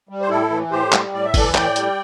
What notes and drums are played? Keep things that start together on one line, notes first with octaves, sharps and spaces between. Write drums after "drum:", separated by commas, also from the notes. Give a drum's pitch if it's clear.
G3
C5
A2 E4 A4
E3
A2 G4 C5
G3, drum: clap
A2 D5
E5
E3 A4 D5, drum: kick, open hi-hat
A2 D5 G5, drum: clap
G3, drum: hi-hat